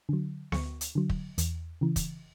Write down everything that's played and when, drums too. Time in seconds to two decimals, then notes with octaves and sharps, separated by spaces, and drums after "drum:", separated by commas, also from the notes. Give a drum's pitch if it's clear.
0.09 D3 F#3
0.52 D2 C#6, drum: snare B3
0.81 drum: hi-hat
0.95 D3 F#3
1.10 drum: kick
1.38 E2, drum: hi-hat
1.81 C#3 E3
1.96 drum: kick, hi-hat